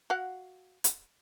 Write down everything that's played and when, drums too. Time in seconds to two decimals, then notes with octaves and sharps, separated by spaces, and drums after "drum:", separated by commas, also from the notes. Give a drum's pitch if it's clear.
0.10 F#4 F5 F#5
0.84 drum: hi-hat